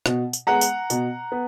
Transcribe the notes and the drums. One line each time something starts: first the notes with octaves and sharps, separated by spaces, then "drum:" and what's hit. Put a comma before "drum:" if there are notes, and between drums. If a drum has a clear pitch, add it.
B2, drum: rim click
drum: tambourine
G#3 B3 F#5 A#5
drum: tambourine
B2, drum: tambourine
B3